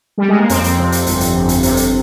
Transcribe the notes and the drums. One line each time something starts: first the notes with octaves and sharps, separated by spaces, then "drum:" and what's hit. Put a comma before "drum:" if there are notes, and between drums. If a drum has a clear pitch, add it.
G3
G#3
A#3
F2 C4, drum: hi-hat
drum: hi-hat
C3
drum: hi-hat
G1, drum: hi-hat
drum: hi-hat
G1
drum: hi-hat
C3, drum: hi-hat
drum: hi-hat